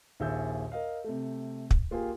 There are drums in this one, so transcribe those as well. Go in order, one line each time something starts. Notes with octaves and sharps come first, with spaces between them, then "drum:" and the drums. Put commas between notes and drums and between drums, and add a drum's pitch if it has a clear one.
A#1 D#2 G#4 E5 E6 G6
A#4 D#5 F5
C3 A3
drum: kick
A#3 F4 G4 G#4